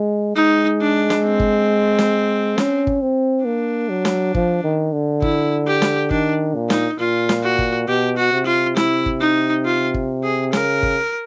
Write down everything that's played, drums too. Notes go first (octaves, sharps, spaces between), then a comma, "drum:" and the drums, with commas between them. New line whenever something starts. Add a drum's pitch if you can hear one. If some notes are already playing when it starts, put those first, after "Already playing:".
Already playing: G#3
G#3 D#4
D4
drum: snare
C4
drum: kick
drum: snare
C#4, drum: snare
drum: kick
C4
A#3 D4
F#3
drum: snare
F3, drum: kick
D#3
D3
E4, drum: kick
G4
drum: snare
D#3 D4, drum: kick
A#2
D#4, drum: snare
A#2 F4
drum: snare
F#4
drum: kick
B2 G4
F#4
C3
F4
E4, drum: snare
drum: kick
D#4
F4
drum: kick
G#4
C#3 A#4, drum: snare
drum: kick